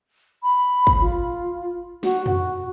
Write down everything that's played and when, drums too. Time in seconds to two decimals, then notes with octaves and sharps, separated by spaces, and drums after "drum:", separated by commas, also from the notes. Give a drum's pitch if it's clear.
0.43 B5
0.87 drum: kick
1.01 F4
2.03 F#4, drum: snare
2.26 F#4, drum: tom F2